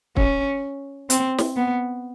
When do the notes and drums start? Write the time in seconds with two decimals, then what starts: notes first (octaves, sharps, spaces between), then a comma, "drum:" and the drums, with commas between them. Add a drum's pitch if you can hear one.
0.17 C#4, drum: kick
1.10 C4, drum: hi-hat
1.38 drum: snare
1.57 B3